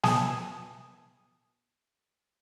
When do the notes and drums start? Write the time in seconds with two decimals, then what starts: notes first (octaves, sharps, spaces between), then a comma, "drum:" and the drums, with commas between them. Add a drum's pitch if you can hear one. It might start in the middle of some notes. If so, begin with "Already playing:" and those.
0.04 G#5 A5 D#6, drum: snare